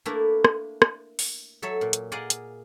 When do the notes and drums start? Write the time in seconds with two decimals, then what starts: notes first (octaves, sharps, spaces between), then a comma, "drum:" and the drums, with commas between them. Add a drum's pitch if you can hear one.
0.06 A3 A#3 D4 E4 A#4 B4
0.45 drum: rim click
0.82 drum: rim click
1.19 drum: open hi-hat
1.62 F#3 A4 C#5 E5
1.81 A#2
1.93 drum: hi-hat
2.12 G#4 A#4 D5 D#5 F5 F#5
2.30 drum: hi-hat